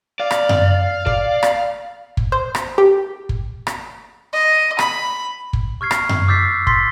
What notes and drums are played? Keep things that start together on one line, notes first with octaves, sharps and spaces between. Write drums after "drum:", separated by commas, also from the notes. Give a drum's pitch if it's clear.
D5 F5
drum: rim click
drum: tom F#2
D5, drum: kick
drum: rim click
drum: kick
C5
drum: rim click
G4
drum: kick
drum: rim click
D#5
B5, drum: rim click
drum: kick
C#6 F6 G#6 C7
drum: rim click
drum: tom F#2
D6 E6 G6 A6 B6 C7
C6 A6 B6, drum: kick